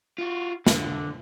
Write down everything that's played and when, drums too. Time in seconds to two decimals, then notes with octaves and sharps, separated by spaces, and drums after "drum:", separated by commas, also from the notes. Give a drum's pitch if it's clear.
0.18 F4 F#4
0.67 D3, drum: snare